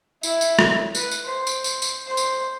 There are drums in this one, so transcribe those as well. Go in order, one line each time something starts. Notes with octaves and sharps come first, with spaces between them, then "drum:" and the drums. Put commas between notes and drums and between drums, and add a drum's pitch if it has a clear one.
E4, drum: tambourine
drum: tambourine
drum: rim click
B4, drum: tambourine
drum: tambourine
C5
drum: tambourine
drum: tambourine
drum: tambourine
C5
drum: tambourine